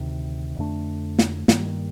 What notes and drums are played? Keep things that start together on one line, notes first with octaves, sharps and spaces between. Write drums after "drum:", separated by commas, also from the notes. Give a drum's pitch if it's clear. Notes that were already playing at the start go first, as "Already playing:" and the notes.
Already playing: D2 C3 D#3
F2 D3 A3 D4
drum: snare
G2 D#3 G3 A#3, drum: snare